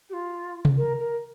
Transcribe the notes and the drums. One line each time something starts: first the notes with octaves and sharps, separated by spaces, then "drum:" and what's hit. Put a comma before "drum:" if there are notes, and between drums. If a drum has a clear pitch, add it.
G4
F4
drum: tom C3
A#4
A#4